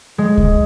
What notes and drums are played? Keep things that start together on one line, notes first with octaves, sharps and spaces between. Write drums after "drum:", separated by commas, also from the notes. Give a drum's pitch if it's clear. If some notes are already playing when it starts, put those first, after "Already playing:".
G#3
drum: kick C#2